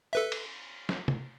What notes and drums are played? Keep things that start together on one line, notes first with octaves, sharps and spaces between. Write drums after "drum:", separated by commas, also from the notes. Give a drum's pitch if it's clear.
A4 B4 E5
drum: cymbal
drum: snare
drum: tom